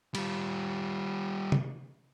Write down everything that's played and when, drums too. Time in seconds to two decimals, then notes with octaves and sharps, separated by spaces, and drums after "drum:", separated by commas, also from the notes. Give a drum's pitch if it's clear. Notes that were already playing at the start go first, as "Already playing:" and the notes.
0.15 G3 F4, drum: cymbal
1.52 drum: tom